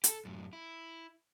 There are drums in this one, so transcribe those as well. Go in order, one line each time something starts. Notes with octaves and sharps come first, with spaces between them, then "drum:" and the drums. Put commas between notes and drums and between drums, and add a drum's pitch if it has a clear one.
G4 A4, drum: hi-hat
F#2 A2
E4